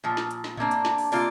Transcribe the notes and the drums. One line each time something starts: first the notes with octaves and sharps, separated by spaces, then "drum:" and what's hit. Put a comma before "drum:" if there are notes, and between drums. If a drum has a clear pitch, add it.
A#2 F3
drum: snare
drum: hi-hat
drum: snare
C3 A#3 D4, drum: tom A2
drum: hi-hat
drum: snare
drum: open hi-hat
C3 A#3 F4 D5, drum: open hi-hat